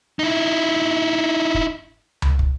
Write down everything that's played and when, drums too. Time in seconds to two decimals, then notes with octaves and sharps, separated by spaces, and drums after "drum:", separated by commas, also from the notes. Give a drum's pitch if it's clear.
0.19 D#4 E4
1.54 drum: kick
2.22 drum: tom C#2
2.39 drum: kick